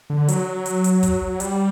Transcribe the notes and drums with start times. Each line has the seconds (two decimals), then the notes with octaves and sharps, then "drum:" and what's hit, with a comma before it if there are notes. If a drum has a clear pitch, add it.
0.10 D3
0.28 F#3, drum: hi-hat
0.66 drum: hi-hat
0.84 drum: hi-hat
1.03 drum: kick, hi-hat
1.31 F#3
1.40 G3, drum: hi-hat